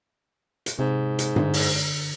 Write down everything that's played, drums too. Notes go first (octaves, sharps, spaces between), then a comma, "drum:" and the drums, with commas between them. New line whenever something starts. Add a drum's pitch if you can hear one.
drum: hi-hat
G#2 C3
drum: hi-hat
D3, drum: tom G2
drum: open hi-hat